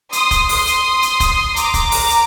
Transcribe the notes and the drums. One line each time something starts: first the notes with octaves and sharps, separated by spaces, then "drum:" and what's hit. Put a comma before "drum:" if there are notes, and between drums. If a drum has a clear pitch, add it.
C6 D#6, drum: hi-hat
drum: kick, hi-hat
C6 D#6, drum: open hi-hat
drum: hi-hat
drum: hi-hat
drum: kick, hi-hat
A#5 D6, drum: hi-hat
drum: kick, hi-hat
drum: open hi-hat
drum: hi-hat